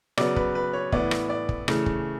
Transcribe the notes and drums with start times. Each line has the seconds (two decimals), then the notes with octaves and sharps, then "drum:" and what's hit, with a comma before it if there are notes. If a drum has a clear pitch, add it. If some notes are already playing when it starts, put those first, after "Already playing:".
0.17 C#3 F#3 B3 D5, drum: rim click
0.36 B4, drum: kick
0.55 B4
0.73 C#5
0.92 A2 E3 B3 E4 D5, drum: kick
1.11 drum: rim click
1.29 D5
1.49 drum: kick
1.68 C#3 E3 A3, drum: rim click
1.86 drum: kick